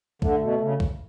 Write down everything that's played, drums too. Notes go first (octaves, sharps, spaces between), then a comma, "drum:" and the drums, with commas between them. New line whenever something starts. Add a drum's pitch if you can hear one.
D3 A3, drum: kick
B2
C#3
drum: kick